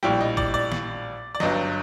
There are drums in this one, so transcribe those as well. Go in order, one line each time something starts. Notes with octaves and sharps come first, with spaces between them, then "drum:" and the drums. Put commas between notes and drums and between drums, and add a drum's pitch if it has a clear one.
A#1 A2 G3 G5
D#5
D5, drum: kick G#1
D5
drum: snare
D5
G1 G2 F#3 D#5, drum: snare